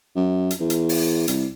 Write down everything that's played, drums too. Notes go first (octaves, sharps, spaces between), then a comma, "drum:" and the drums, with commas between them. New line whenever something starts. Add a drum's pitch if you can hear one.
F#2
drum: hi-hat
E2
drum: hi-hat
drum: open hi-hat
C2, drum: hi-hat